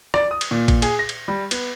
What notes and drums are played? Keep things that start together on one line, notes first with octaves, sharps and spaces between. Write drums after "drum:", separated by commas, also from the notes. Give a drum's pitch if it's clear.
D5, drum: rim click
D#6
drum: cymbal
A#2
drum: kick A1, cymbal
G#4, drum: cymbal
A#6
drum: cymbal
G3
B3, drum: cymbal